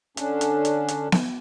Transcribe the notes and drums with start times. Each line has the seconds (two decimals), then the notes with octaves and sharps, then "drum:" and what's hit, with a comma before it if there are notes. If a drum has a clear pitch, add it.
0.17 D3 C#4 D4, drum: hi-hat
0.41 drum: hi-hat
0.65 drum: hi-hat
0.88 drum: hi-hat
1.12 drum: snare B3